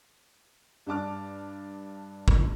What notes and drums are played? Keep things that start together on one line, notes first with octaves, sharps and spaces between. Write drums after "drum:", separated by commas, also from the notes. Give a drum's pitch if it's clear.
G2 D4 A5 D6 F6
drum: kick G#1